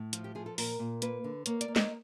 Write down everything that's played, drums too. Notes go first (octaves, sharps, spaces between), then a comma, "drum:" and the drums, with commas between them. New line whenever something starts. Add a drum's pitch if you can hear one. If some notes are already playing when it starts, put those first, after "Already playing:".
Already playing: A2
F3, drum: hi-hat
G4
F3 G#4
A4
A#2 A#4, drum: open hi-hat
A#2
A#3 B4, drum: hi-hat
D3
A#3 C#5, drum: hi-hat
D5, drum: hi-hat
A#3
D#5, drum: snare